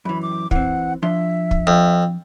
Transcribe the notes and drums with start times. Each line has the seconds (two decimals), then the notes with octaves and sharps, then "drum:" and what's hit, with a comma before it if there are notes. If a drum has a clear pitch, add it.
0.05 F#2 E3 B5
0.22 D6
0.51 E3 C4 F#5, drum: kick
1.03 F3 D4 E5 C6
1.51 drum: kick
1.67 F2